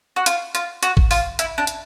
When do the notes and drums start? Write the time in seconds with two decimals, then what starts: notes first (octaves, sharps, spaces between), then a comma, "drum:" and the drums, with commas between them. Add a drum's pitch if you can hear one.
0.16 F#4
0.26 F4, drum: hi-hat
0.55 F4, drum: hi-hat
0.83 F#4, drum: hi-hat
0.97 drum: kick A1
1.11 F4, drum: open hi-hat
1.39 E4, drum: hi-hat
1.58 D4
1.67 drum: hi-hat